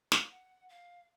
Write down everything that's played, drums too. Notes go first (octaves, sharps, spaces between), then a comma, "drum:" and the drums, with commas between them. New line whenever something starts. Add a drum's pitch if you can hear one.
F5, drum: snare
F#5
F5